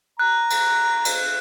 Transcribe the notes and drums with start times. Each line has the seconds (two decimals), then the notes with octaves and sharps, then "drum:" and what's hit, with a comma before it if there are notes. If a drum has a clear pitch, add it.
0.19 A#5 F#6
0.50 drum: cymbal
1.05 drum: cymbal